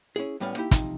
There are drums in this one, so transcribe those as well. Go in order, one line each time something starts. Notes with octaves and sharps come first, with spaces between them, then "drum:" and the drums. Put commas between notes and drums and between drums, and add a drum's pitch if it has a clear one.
C#4 E4 G#4
A2 G3 B3 C#4 D5 F5
A#3 D#4 E4 G4
C3 F3 D#4, drum: kick, hi-hat